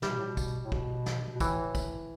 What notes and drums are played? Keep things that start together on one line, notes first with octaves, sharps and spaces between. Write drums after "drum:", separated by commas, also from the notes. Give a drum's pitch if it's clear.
C3 G3, drum: snare
B2
A2
B2
drum: kick, tambourine
A2
B2, drum: kick
drum: snare
B2
A2 E3, drum: kick, tambourine
drum: kick, tambourine